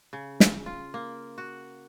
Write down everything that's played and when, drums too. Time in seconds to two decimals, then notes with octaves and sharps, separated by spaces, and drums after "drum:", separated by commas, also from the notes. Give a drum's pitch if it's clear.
0.13 C#3
0.40 drum: snare
0.66 F4
0.94 A#3
1.38 F#4